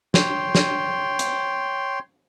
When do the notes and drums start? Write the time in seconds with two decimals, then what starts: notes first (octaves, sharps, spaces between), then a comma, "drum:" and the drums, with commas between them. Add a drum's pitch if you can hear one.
0.14 C#5 G5 C6, drum: snare
0.55 drum: snare
1.19 drum: hi-hat